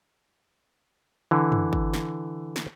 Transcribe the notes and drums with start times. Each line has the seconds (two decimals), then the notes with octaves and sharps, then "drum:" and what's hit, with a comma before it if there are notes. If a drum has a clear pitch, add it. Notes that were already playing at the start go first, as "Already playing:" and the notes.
1.31 D3 E3
1.52 drum: tom
1.73 drum: kick G1
1.94 drum: snare
2.56 drum: snare